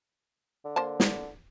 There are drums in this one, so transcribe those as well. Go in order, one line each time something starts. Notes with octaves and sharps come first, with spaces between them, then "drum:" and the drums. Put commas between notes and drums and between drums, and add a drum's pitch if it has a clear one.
D3
A#3 C5 A5
drum: snare